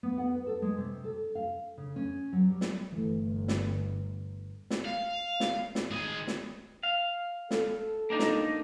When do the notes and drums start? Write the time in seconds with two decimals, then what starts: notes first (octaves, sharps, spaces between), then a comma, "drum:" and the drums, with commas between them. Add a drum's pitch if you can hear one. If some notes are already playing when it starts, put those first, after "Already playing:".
0.03 B3
0.18 F#5
0.34 B4
0.47 A4
0.62 G#3
0.78 C3
1.04 A4
1.35 F5
1.77 C#3
1.96 C#4
2.33 F#3
2.50 G3
2.61 drum: snare
2.92 G1 E3 A3
3.48 drum: snare
4.70 drum: snare
4.85 F5
5.40 drum: snare
5.75 drum: snare
5.91 D#3 G#4
6.27 drum: snare
6.83 F5
7.51 A4, drum: snare
8.10 A#3 D4 D#4
8.19 drum: snare